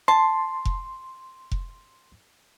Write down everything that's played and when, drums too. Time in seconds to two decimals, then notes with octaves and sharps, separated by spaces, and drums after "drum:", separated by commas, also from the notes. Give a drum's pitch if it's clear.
0.08 A5 C6
0.65 drum: kick F1
1.52 drum: kick F1